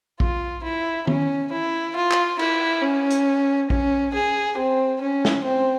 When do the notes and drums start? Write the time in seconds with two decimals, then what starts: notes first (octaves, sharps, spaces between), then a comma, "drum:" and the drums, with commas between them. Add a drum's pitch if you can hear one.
0.20 F4, drum: kick
0.63 E4
1.07 C#4, drum: tom D#3
1.52 E4
1.95 F4
2.11 drum: clap
2.39 E4, drum: cymbal
2.82 C#4
3.10 drum: hi-hat
3.70 C#4, drum: kick
4.14 G#4
4.57 C4
5.01 C#4
5.25 drum: snare
5.44 C4